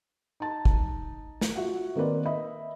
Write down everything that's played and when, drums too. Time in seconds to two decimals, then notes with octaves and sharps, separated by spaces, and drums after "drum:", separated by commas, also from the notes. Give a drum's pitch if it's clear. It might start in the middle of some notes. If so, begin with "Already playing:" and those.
0.40 D#4 A5
0.65 drum: kick
1.41 drum: snare A3
1.55 F4 F#4 E5 F#5
1.96 D#3 A#3 C4 A#4 B4 D5
2.26 D#5 E5 B5